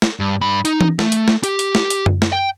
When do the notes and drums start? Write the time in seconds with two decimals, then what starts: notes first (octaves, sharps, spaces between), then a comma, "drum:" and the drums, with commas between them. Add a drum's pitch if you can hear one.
0.02 drum: snare
0.20 G2
0.41 G2 B5
0.65 D#4, drum: hi-hat
0.81 drum: tom E3
0.99 A3, drum: snare
1.12 drum: hi-hat
1.28 drum: snare
1.44 G4, drum: hi-hat
1.59 drum: hi-hat
1.75 drum: snare
1.90 drum: hi-hat
2.06 drum: tom F#2
2.22 drum: snare
2.32 G5